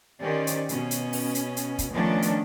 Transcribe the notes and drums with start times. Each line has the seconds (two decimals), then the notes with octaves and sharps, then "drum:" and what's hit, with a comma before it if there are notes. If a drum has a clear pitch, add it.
0.21 D#3 C#4 G4 C5 D5
0.47 drum: hi-hat
0.69 B2 C#4, drum: hi-hat
0.91 drum: hi-hat
1.13 drum: open hi-hat
1.35 drum: hi-hat
1.57 drum: hi-hat
1.78 drum: kick, hi-hat
1.94 D#3 F3 A3 B3 C#4 D4
2.22 drum: hi-hat